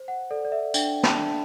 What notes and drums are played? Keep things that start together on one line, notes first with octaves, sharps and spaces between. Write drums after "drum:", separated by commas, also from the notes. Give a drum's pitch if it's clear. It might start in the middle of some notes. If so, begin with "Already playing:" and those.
Already playing: C5
F#5
A4 D5
D5
E5
D4 G5, drum: tambourine
A5, drum: snare
D4